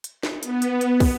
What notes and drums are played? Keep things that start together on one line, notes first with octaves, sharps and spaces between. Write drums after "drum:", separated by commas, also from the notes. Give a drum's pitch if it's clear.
drum: hi-hat
drum: snare
B3, drum: hi-hat
drum: hi-hat
drum: hi-hat
drum: kick, open hi-hat